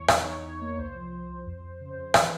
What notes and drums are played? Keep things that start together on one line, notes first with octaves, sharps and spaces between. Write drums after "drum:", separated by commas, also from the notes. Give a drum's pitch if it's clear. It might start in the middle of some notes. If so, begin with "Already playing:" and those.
Already playing: E2 C#5
D#4, drum: rim click
D#4
D#4
A#3
C2 C5
F3
F3
C2
F2
F2
C#3
F2
E3 C5, drum: rim click
B4